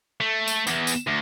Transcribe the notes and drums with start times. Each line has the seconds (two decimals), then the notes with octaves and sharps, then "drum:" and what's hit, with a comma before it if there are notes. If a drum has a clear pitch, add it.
0.20 A3
0.48 drum: tambourine
0.67 E2 E3, drum: tambourine
0.87 drum: tambourine
1.07 D2